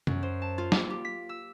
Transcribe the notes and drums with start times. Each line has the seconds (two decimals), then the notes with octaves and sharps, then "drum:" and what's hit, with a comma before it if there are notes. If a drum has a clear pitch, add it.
0.07 F#2, drum: tom
0.23 C5
0.42 A5
0.58 F4
0.72 A#3, drum: snare
0.90 G4
1.05 B6
1.29 E6